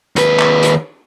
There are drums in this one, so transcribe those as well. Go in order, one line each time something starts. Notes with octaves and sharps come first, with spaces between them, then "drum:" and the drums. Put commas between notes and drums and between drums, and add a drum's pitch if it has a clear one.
D#2 B4, drum: hi-hat
drum: clap
drum: hi-hat